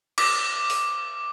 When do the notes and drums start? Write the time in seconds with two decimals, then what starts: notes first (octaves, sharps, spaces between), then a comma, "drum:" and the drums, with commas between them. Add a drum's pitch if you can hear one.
0.18 D6, drum: cymbal
0.70 drum: open hi-hat